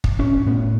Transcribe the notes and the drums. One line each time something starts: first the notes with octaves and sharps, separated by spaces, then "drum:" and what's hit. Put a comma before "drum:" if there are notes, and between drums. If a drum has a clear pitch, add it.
drum: kick
A2 C#4
A2 B3